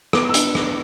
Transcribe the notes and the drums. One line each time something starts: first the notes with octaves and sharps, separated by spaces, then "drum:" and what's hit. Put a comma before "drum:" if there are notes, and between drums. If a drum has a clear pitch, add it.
B3 D6, drum: rim click
E6
D4, drum: hi-hat
drum: rim click